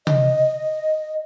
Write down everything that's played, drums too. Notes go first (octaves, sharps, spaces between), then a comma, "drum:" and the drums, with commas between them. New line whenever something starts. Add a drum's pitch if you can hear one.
D#5, drum: tom C3